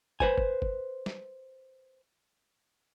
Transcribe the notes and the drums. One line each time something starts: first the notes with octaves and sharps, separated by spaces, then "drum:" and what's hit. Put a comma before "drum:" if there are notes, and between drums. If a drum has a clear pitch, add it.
B4 C5 G#5, drum: kick
drum: kick
drum: kick
drum: snare